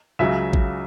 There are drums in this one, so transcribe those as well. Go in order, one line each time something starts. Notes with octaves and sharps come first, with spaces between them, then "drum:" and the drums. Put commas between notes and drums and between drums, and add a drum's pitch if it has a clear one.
C#2 C#3 F#3 E5
drum: kick A1